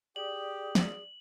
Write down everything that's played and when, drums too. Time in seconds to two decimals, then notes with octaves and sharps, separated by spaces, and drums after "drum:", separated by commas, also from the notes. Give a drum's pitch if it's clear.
0.16 G4 G#4 D5 F#7
0.75 drum: snare